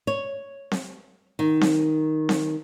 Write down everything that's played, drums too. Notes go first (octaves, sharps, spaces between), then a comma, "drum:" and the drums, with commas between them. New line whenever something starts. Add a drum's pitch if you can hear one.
C#5
drum: snare C4
D#3
drum: snare C4
drum: snare C4